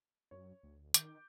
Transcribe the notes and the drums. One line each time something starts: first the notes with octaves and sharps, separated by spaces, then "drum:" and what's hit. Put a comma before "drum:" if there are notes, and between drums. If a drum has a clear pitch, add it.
F#2 C#5
D2
D#3 D6 G6, drum: hi-hat